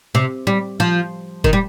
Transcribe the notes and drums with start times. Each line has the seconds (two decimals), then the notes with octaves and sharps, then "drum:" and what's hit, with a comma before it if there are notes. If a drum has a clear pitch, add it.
0.15 C3
0.47 G3
0.80 F3
1.44 D#3, drum: kick
1.53 G3